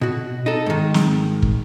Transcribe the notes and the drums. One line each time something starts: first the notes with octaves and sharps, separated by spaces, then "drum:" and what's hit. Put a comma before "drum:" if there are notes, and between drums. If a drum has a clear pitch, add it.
B2 F#4
D#4 A4
G#2 D#3
drum: snare
drum: kick